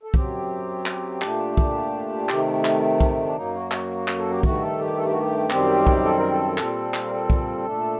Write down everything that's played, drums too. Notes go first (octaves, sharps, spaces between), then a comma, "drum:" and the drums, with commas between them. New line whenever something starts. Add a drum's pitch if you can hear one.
A4
F#2 F#3 C4 G4, drum: kick B1
drum: clap
A#2 A3 D4, drum: clap
drum: kick B1
C3 D#3 A3, drum: clap
drum: clap
drum: kick B1
D4
F#2 F#3 A#3 D#4
F#4
F#4, drum: clap
drum: clap
A4
G4
G2 D#3 A3 F#4, drum: kick B1
A4
G4
A4
G4
F#4
G4
F#2 D#3 G3 C4, drum: clap
drum: kick B1
A4
A#4
A4
A#2 G3 C4, drum: clap
drum: clap
A#4
A4
drum: kick B1
A#2 A3 D4